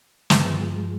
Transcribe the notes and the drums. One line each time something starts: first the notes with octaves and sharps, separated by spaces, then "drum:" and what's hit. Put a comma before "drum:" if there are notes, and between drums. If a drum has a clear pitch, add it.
G2 F3 G#3, drum: snare